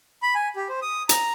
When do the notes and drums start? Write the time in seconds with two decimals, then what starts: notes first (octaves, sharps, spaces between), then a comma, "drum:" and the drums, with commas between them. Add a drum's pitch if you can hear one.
0.22 B5
0.35 G#5
0.56 G4
0.69 C5
0.82 D#6
1.09 A#5, drum: hi-hat